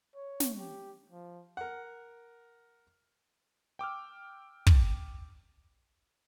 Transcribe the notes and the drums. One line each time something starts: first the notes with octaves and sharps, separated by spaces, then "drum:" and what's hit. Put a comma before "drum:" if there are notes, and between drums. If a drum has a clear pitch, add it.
C#5
drum: snare
G4
F3
A#4 F#5
G5 D6 E6 F6
drum: kick